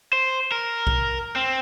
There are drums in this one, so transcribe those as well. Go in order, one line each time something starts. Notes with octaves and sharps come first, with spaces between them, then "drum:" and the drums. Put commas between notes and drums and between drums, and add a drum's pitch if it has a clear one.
C5
A#4
drum: kick B1
C4